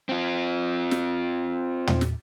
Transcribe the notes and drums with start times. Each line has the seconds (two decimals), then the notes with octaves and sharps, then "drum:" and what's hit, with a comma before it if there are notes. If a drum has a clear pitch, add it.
0.09 C4 F4
0.91 drum: snare
1.87 drum: tom
2.01 drum: snare